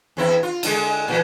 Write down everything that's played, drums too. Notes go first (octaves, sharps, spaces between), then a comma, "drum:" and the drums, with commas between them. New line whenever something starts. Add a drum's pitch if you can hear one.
E2 C4 E4
F4
D3 G#3, drum: cymbal
A#2 E3